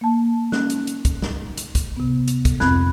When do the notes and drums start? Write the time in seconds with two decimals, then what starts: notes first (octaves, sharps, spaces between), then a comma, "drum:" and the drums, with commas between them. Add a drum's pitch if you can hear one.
0.01 A#3 A5
0.52 C#4 F#6, drum: snare
0.70 drum: hi-hat
0.87 drum: hi-hat
1.05 drum: kick, hi-hat
1.22 drum: snare
1.57 drum: hi-hat
1.75 drum: kick, hi-hat
1.96 C3 B3
2.28 drum: hi-hat
2.45 drum: kick, hi-hat
2.60 F2 C4 B5 F#6 G#6, drum: snare